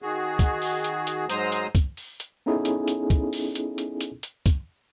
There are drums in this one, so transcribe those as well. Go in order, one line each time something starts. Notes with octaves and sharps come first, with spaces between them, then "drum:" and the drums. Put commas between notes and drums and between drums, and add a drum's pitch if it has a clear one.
D#3 F#4 G#4
drum: kick, hi-hat
drum: open hi-hat
drum: hi-hat
drum: hi-hat
G#2 F#3 G#3 C5 A#5 D#6, drum: hi-hat
drum: hi-hat
drum: kick, hi-hat
drum: open hi-hat
drum: hi-hat
B3 C#4 D#4 E4 G#4 A4
drum: hi-hat
drum: hi-hat
drum: kick, hi-hat
drum: open hi-hat
drum: hi-hat
drum: hi-hat
drum: hi-hat
drum: hi-hat
drum: kick, hi-hat